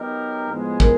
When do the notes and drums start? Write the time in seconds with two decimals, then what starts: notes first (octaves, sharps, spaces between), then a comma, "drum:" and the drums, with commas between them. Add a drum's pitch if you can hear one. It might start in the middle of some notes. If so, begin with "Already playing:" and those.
Already playing: F#3 B3 D#4 G4 A#4
0.48 A2 F3 G#3 B3
0.80 A#4, drum: kick